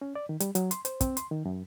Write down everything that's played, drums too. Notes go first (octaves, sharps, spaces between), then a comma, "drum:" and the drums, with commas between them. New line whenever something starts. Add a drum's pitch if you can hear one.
C#4
D5
D#3
G3, drum: hi-hat
F#3, drum: hi-hat
C6, drum: hi-hat
C5, drum: hi-hat
C4, drum: kick, hi-hat
C6, drum: hi-hat
D#3
F#2